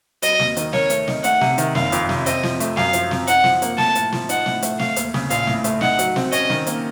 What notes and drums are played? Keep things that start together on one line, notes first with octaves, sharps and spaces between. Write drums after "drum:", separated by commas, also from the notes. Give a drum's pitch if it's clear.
F#3 D#5, drum: hi-hat
D#2, drum: snare
D#3, drum: hi-hat
A#4 C#5, drum: snare
A3, drum: hi-hat
D#4, drum: snare
A3 F#5, drum: hi-hat
C3, drum: snare
D#3, drum: hi-hat
F#1 F5, drum: snare
F2, drum: hi-hat
C3, drum: snare
C4 D#5, drum: hi-hat
F3, drum: snare
A3, drum: hi-hat
F#2 F5, drum: snare
F3, drum: hi-hat
C4, drum: snare
D#4 F#5, drum: hi-hat
F3, drum: snare
A#3, drum: hi-hat
A3 A5, drum: snare
A2, drum: hi-hat
F3, drum: snare
D#4 F#5, drum: hi-hat
A2, drum: snare
A3, drum: hi-hat
A3 F5, drum: snare
D#2, drum: hi-hat
C#3, drum: snare
A#1 F5, drum: hi-hat
A2, drum: snare
A3, drum: hi-hat
D#4 F#5, drum: snare
F#3, drum: hi-hat
C4, drum: snare
C#4 D#5, drum: hi-hat
D#3, drum: snare
A#3, drum: hi-hat